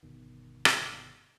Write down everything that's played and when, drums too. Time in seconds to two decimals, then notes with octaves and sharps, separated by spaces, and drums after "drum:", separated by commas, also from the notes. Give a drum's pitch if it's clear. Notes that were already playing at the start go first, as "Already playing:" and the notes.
0.03 G1 C2 B2 D#3
0.65 drum: rim click